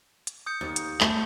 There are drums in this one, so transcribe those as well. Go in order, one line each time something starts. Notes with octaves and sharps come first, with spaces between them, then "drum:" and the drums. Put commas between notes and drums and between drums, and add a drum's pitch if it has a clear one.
drum: hi-hat
D#6 G6 C#7
D#2
drum: hi-hat
A3, drum: clap